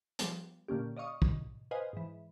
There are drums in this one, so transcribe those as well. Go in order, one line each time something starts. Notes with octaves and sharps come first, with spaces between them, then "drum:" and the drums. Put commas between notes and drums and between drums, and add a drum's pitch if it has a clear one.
F3 G3 B3, drum: hi-hat
A#2 D3 A#3 C#4 G4
D5 D#5 F5 C#6 D#6
drum: kick
B4 C5 D#5 F5 G#5
G#2 E3